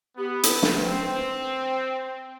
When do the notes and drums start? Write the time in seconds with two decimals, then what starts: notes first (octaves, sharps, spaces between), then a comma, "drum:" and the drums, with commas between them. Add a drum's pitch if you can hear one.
0.17 B3 G4
0.43 A4, drum: hi-hat
0.49 B4
0.63 drum: snare
0.80 C4 B4